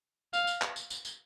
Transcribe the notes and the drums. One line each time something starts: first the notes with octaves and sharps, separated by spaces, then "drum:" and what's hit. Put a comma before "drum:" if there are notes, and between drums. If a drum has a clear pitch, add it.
F5, drum: tambourine
drum: tambourine
drum: clap
drum: tambourine
drum: tambourine
drum: tambourine